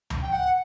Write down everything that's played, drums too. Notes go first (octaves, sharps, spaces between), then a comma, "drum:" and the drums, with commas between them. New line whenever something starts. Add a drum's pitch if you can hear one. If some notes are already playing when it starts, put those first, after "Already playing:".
drum: tom C#2
G5
F#5